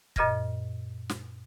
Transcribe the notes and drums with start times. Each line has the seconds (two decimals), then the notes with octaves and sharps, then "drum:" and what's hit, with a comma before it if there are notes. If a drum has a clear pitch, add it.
0.16 F#2 A#2 D#5 F6 G#6 A#6, drum: kick
1.09 drum: snare